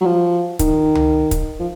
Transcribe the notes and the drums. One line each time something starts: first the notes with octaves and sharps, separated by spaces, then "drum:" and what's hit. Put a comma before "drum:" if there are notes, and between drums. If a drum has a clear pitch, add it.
F#3
F3
D#3, drum: kick, hi-hat
drum: tom C#2
drum: kick, hi-hat
F3